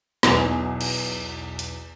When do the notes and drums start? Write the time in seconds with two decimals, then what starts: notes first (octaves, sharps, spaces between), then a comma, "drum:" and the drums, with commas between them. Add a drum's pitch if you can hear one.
0.23 B1 E2 B3 G#5 F7, drum: snare
0.81 drum: cymbal
1.59 drum: hi-hat